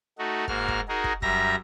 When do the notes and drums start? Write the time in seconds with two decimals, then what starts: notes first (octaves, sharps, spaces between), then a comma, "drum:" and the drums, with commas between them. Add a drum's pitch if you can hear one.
0.18 A3 D#4 F#4
0.48 G#2 A#3 F#4 F6, drum: kick
0.68 drum: kick
0.88 D#4 F#4 G#4 A#4
1.04 drum: kick
1.22 F#2 G3 E5 A#5 A#6, drum: kick